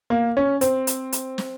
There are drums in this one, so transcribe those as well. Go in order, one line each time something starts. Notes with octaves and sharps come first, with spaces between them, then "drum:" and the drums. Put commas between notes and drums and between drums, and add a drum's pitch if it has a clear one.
A#3
C#4
C4, drum: hi-hat
drum: hi-hat
drum: hi-hat
drum: snare